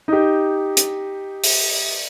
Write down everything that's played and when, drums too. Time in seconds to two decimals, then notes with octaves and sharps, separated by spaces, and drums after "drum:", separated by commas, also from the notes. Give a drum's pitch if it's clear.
0.08 D#4 G4
0.77 drum: hi-hat
1.44 drum: open hi-hat